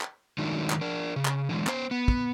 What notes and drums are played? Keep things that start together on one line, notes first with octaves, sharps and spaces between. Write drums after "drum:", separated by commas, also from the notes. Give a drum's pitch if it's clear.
drum: clap
D#3 F#3 G#3 A3 D4 D#4
drum: clap
D4 A#4
C#3
drum: clap
D3 E3 G#3
B3 C5, drum: clap
B3
drum: kick